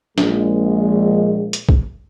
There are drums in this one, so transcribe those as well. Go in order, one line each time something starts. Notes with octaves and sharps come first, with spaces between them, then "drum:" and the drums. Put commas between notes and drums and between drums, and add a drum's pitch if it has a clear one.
A#1 G#3, drum: snare
drum: hi-hat
drum: kick B1